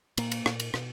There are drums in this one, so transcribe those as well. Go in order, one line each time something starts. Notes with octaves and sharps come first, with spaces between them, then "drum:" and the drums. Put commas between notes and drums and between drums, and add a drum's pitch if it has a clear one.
A#2 A#3, drum: cymbal
drum: cymbal
A#2, drum: rim click
drum: cymbal
B2, drum: rim click